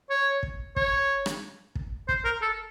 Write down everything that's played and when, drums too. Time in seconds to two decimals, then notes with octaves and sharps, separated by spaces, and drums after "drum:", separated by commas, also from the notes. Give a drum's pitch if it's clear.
0.10 C#5
0.43 drum: kick
0.76 C#5, drum: kick
1.26 drum: rim click
1.75 drum: kick
2.09 C5, drum: kick
2.25 A#4
2.42 A4